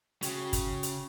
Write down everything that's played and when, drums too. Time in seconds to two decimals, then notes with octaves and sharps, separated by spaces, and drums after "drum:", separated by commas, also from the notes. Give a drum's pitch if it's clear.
0.22 C#3 F#4 G5, drum: hi-hat
0.53 drum: kick, hi-hat
0.83 drum: hi-hat